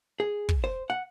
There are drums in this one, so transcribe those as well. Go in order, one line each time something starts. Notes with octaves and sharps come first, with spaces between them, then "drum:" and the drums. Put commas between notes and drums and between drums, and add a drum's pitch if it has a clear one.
G#4
drum: kick
C5
F#5